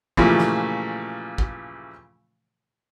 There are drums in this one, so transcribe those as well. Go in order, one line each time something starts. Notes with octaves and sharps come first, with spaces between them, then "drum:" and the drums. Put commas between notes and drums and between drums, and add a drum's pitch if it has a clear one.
A#2 C#3 E3 F3 G3 A3, drum: kick
drum: snare
drum: kick